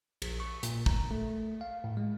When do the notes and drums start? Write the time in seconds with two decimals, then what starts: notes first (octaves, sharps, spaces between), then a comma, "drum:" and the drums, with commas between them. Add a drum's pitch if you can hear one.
0.22 A#1, drum: cymbal
0.40 C#6
0.63 A#2, drum: hi-hat
0.86 A#5, drum: kick
1.11 A3
1.61 F5
1.84 A2
1.97 G#3